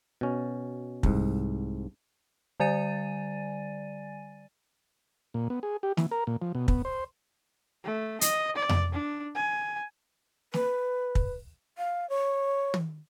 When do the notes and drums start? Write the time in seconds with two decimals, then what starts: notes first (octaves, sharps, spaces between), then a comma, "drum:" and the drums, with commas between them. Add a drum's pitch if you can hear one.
0.21 B2 C#4
1.03 C2 G#2, drum: kick
2.60 D3 G3 D5 G#5 A6 D#7
5.34 A#2
5.50 B3
5.63 G#4
5.83 G4
5.97 E3, drum: snare
6.11 A#4
6.27 A#2
6.42 F3
6.55 B2
6.68 B3, drum: kick
6.85 C5
7.84 A3
8.21 D#5, drum: hi-hat
8.56 D5
8.69 drum: tom F2
8.92 D4
9.35 G#5
10.54 B4, drum: snare
11.15 drum: kick
11.78 F5
12.10 C#5
12.74 drum: tom